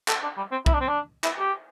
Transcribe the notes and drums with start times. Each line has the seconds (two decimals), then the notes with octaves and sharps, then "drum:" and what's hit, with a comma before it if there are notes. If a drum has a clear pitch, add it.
0.08 A4, drum: clap
0.23 D4
0.37 G3
0.51 C4
0.66 E4, drum: kick B1
0.73 D4
0.81 C4
0.88 D4
1.24 E4, drum: clap
1.39 G4